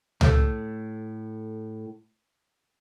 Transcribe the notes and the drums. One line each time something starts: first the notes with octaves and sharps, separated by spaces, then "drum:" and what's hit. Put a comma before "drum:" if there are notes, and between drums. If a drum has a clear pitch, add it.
A2 A3, drum: tom C#2